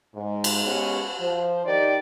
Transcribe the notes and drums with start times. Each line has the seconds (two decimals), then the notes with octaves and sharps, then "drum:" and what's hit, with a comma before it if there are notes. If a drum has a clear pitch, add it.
0.14 G#2
0.44 drum: cymbal
0.64 G#3 B3 C#4 G4 B4 C#5
1.20 F3 C5
1.65 D#3 D#4 G4 A#4 D5